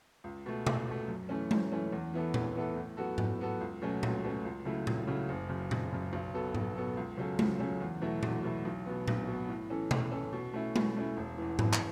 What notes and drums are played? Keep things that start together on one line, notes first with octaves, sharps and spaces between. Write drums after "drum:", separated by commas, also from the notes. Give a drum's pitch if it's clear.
C#2
B2 A3
C#2, drum: tom B2
B2 A3
F#2
E3 A3 C#4
F#2, drum: tom G#3
E3 A3 C#4
E2
E3 B3 E4 A4
E2, drum: tom A#2
E3 B3 E4 A4
A2
F#3 B3 F#4 A4
A2, drum: tom G#2
F#3 B3 F#4 A4
C#2
B2 F#3 A3 C#4
C#2, drum: tom A#2
B2 F#3 A3 C#4
C#2
C#3 F#3 A3 E4
C#2, drum: tom A#2
C#3 F#3 A3 E4
F#1
F#2 C#3
F#1, drum: tom A#2
F#2 C#3
B1
B2 B3 A4
B1, drum: tom G#2
B2 B3 A4
C#2
C#3 F#3 C#4 A4
C#2, drum: tom G#3
C#3 F#3 C#4 A4
E2
B2 F#3 A3 E4
E2, drum: tom A#2
B2 F#3 A3 E4
B1
B2 B3
B1, drum: tom A#2
B2 B3
A2
E3 C#4 A4
A2, drum: tom B2
E3 C#4 A4
B2
A3 C#4 E4
B2, drum: tom G#3
A3 C#4 E4
E1
E2 E3
E1, drum: tom G#2
drum: clap